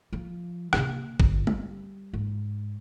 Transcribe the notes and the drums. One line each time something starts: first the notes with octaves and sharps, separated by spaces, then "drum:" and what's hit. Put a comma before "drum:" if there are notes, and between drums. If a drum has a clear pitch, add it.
F3
C3 A#3, drum: rim click
G1, drum: kick
G3, drum: tom G#3
G#2